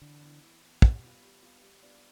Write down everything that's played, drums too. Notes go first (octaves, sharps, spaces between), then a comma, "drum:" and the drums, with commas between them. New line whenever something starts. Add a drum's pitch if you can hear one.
D3 E3
B3 E4
E3
B3 E4
G3, drum: kick
B3 F4
G3
B3 F4
G3
B3 D4 F4 B4